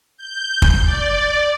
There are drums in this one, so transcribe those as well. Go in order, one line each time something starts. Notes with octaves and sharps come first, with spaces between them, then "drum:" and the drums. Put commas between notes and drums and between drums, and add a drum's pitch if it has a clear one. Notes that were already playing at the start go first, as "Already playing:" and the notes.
G6
drum: kick
D5